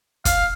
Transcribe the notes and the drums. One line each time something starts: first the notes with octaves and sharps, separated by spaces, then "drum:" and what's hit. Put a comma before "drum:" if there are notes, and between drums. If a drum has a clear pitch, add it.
F5, drum: kick, hi-hat